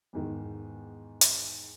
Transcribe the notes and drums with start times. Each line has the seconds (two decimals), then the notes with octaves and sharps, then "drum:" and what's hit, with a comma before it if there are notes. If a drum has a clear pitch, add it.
0.13 E2 G#2 D#3
1.21 drum: hi-hat